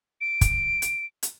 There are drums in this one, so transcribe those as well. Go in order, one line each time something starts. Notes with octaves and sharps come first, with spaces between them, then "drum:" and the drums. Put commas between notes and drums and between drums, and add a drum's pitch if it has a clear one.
D7
drum: kick, hi-hat
drum: hi-hat
drum: hi-hat